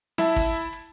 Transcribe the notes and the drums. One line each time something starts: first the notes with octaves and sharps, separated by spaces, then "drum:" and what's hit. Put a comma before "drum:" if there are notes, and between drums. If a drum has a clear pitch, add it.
E4 E5 A5, drum: snare
drum: kick, open hi-hat
drum: hi-hat